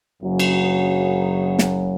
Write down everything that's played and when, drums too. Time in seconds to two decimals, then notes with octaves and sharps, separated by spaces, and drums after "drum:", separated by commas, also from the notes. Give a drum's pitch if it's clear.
0.22 F#1 F#2 C#3 F#3
0.39 drum: cymbal
1.59 drum: snare